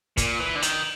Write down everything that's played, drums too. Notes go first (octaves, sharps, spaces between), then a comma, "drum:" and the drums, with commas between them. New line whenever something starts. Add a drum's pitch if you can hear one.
A#2, drum: kick, hi-hat
E3
D3
D#3, drum: hi-hat